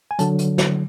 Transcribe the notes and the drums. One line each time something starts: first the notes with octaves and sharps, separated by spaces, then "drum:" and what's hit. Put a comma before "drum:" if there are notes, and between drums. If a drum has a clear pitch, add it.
G#5
D3 F#3 A5, drum: hi-hat
drum: hi-hat
drum: snare